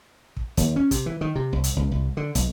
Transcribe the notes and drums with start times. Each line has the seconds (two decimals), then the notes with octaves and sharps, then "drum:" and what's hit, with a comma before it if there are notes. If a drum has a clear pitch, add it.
0.37 drum: kick
0.57 D#2, drum: hi-hat
0.76 C#4
0.91 C3, drum: kick, hi-hat
1.06 E3
1.21 D#3
1.36 C3
1.53 C2
1.64 drum: hi-hat
1.76 C#2
1.92 C2
2.17 D3
2.35 B1, drum: hi-hat